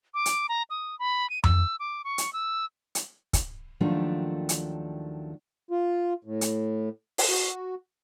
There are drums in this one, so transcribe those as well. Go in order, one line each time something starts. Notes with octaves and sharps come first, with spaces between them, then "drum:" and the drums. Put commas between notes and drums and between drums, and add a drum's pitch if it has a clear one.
D6
drum: hi-hat
A#5
D#6
B5
D#7
E6, drum: tom F2
D6
C#6
drum: hi-hat
E6
drum: hi-hat
drum: kick, hi-hat
D#2 D#3 F3 F#3 A3 D4
drum: hi-hat
F4
A2
drum: hi-hat
drum: open hi-hat
F#4